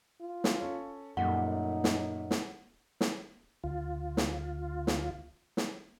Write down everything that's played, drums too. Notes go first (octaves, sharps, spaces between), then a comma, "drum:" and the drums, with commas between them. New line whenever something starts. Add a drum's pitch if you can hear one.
F4
drum: snare
C#4 A4 C#5
F#2 A#2 G3 A3 D#4 F#5
drum: snare
drum: snare
drum: snare
D2 F4
drum: snare
drum: snare
drum: snare